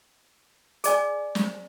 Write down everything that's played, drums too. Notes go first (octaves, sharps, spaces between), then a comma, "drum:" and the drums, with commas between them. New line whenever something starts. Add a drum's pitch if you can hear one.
G#4 D5 G#5, drum: hi-hat
drum: snare